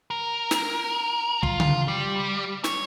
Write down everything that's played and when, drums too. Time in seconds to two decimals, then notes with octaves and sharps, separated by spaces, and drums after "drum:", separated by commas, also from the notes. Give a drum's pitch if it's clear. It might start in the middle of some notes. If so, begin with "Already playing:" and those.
0.11 A#4
0.51 drum: snare
1.43 F4, drum: kick
1.60 drum: tom C#3
1.88 G3
2.64 C#5, drum: snare